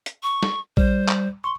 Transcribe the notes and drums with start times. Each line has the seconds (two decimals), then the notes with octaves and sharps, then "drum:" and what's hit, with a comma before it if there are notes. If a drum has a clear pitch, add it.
0.06 drum: hi-hat
0.23 C#6
0.43 drum: snare
0.77 G3 C5 D5, drum: kick A#1
1.08 drum: clap
1.44 C6 C#6